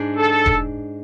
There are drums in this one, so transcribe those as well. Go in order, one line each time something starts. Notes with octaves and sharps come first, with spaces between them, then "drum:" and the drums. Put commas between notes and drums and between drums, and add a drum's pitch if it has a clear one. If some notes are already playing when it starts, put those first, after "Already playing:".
Already playing: G#2 G#3 D4
A4
drum: kick E1